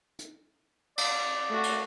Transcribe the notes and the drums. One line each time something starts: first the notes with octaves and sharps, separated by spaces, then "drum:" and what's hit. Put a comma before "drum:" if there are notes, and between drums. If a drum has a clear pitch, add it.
drum: hi-hat
D5, drum: cymbal
A3 F#4
drum: cymbal